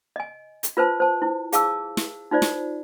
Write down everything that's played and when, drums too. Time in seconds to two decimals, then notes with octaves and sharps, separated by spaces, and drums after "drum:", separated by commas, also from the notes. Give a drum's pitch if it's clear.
0.16 D#5 G#5
0.63 drum: hi-hat
0.77 F4 B4 C5 A5
1.00 C5 A5
1.22 E4
1.52 G#4 F5 A5 D6 E6, drum: hi-hat
1.97 drum: snare
2.31 D#4 F4 C5 D5
2.42 drum: snare